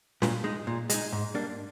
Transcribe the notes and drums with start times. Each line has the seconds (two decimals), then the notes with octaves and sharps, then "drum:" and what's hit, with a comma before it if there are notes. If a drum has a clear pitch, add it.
0.22 A#2, drum: snare
0.44 G#3 D#4
0.67 A#2
0.90 G#3 D#4, drum: hi-hat
1.12 G#2
1.34 G3 A#3 D4